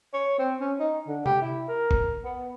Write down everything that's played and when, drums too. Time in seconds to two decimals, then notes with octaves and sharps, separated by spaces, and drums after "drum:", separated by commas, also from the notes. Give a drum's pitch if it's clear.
0.14 C#5
0.39 C4
0.60 C#4
0.79 D#4
1.07 D3
1.26 G4, drum: tom C3
1.42 E4
1.68 A#4
1.91 drum: kick F#1
2.24 B3